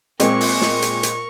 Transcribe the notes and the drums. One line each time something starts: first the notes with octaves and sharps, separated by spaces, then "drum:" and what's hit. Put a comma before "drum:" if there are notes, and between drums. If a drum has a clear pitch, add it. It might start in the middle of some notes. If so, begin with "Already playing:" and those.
A#2 G#3 C4 A#4 C#6, drum: hi-hat
drum: open hi-hat
drum: snare
drum: hi-hat
drum: hi-hat